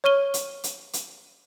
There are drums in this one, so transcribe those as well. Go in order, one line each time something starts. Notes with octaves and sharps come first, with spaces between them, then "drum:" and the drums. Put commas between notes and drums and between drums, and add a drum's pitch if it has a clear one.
C#5 C#6 F6 D#7 G7
drum: hi-hat
drum: hi-hat
drum: hi-hat